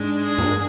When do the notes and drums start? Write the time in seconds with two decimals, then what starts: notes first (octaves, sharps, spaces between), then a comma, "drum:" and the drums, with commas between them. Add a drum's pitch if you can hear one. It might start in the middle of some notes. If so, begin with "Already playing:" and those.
Already playing: G#2 G#3 D4
0.24 G#4
0.38 drum: tom G2